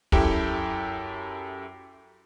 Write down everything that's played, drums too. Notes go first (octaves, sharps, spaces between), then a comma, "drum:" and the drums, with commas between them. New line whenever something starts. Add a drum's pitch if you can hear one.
F#2 E4 G4 A4 G5, drum: kick